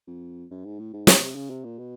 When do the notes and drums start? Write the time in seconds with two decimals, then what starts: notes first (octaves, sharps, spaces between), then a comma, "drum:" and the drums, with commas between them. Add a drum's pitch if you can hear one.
0.07 F2
0.51 F#2
0.65 G#2
0.79 A2
0.93 G#2
1.07 A#2, drum: snare
1.21 C3
1.35 C#3
1.50 C3
1.64 A#2
1.78 B2